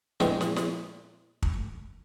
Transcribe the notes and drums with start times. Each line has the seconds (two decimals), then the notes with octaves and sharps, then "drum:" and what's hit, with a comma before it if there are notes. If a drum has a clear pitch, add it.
0.20 A#1 F2 E3 G#3 G5, drum: snare
0.41 drum: snare
0.56 drum: snare
1.42 drum: kick